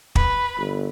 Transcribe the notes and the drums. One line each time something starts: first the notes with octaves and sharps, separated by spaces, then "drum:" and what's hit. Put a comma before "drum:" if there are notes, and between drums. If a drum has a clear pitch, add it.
B4, drum: kick
G1